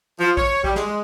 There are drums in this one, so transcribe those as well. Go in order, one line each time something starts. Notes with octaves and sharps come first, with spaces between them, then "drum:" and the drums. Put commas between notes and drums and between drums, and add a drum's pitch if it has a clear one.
F3
C#5, drum: kick
G3, drum: kick
G#3, drum: snare